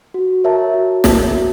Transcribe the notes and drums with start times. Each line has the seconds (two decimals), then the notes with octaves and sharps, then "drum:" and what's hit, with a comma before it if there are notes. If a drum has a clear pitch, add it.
0.14 F#4
0.44 A#4 C#5 E5 A5
0.74 F#4
1.04 A#4 C#5 E5 A5, drum: snare
1.34 F#4